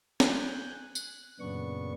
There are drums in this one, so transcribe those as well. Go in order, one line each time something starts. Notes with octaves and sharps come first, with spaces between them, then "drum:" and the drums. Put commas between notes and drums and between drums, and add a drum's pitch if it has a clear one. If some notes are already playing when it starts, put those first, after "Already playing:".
G#5 F#6 G6, drum: snare
F#6, drum: tambourine
F#2 A#2 C#3 B3 D4 C#6